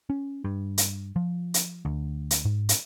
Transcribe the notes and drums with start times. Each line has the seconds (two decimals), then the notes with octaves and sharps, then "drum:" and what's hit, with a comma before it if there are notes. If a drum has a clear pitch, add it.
0.10 C#4
0.45 G2
0.78 drum: hi-hat
1.16 F3
1.54 drum: hi-hat
1.85 D2
2.31 drum: hi-hat
2.45 G#2
2.69 drum: hi-hat